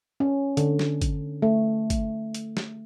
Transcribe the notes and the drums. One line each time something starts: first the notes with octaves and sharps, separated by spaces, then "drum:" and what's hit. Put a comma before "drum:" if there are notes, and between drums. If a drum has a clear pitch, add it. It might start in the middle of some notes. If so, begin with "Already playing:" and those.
C#4
D3, drum: hi-hat
drum: snare
drum: kick, hi-hat
A3
drum: kick, hi-hat
drum: hi-hat
drum: snare